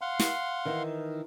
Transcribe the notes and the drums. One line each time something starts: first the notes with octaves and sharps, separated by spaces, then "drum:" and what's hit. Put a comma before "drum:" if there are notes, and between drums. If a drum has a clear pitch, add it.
F5 F#5 C6
drum: snare
D#3 E3 D#4